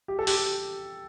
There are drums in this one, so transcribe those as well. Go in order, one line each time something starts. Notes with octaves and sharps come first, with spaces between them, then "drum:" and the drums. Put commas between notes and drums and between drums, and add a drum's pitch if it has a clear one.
G4
A4
G4, drum: open hi-hat